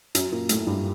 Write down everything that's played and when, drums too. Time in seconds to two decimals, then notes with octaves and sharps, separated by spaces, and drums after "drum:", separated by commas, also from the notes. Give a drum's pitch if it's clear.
0.15 F#2 F#3, drum: hi-hat
0.32 A#2 A#3
0.49 A2 A3, drum: hi-hat
0.67 G2 G3